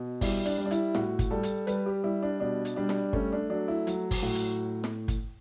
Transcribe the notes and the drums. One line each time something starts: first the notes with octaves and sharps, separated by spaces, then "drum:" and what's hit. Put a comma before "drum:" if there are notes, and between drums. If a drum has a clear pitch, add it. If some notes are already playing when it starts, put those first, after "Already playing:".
Already playing: B2
G3 E4, drum: kick G1, open hi-hat
D4, drum: hi-hat
G3
D4
E4, drum: hi-hat
A2 F#4, drum: snare
drum: kick G1, hi-hat
G3 A4
drum: hi-hat
G3 B4, drum: hi-hat
G4
G3 E4
D4
B2 D4
drum: hi-hat
G3 D4
drum: snare
A3 C#4, drum: kick G1
D4
F#3 D4
E4
F#3, drum: hi-hat
drum: kick G1, open hi-hat
A2 F#4
drum: hi-hat
drum: snare
drum: kick G1, hi-hat